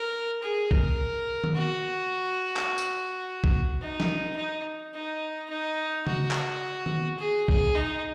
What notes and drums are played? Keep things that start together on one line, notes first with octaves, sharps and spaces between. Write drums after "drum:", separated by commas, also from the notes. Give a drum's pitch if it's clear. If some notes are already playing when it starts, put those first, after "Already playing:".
Already playing: A#4
G#4
A#4, drum: kick B1
drum: tom D#3
F#4
drum: clap
drum: tambourine
drum: kick B1
D#4
drum: snare
D#4
D#4
D#4
F#4, drum: tom C#3
drum: clap
drum: tom D#3
G#4
G#4, drum: kick B1
D#4